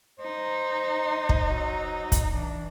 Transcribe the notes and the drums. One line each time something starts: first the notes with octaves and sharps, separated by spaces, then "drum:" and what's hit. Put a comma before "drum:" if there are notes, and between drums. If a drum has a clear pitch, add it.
D#4 C5
drum: kick
F#3
drum: kick, hi-hat
E3 D4